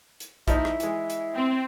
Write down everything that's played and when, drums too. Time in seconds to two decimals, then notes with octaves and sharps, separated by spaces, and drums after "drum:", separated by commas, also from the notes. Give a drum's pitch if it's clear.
0.20 drum: hi-hat
0.48 F3 D#4 E4, drum: kick A#1, hi-hat
0.65 drum: rim click
0.80 E3 G#3, drum: hi-hat
1.10 drum: hi-hat
1.36 C4